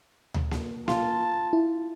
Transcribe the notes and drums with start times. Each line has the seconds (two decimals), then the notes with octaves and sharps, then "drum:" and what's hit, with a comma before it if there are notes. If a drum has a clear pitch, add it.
0.34 drum: tom D2
0.51 drum: snare A#3
0.88 F4 A5, drum: snare A#3
1.53 E4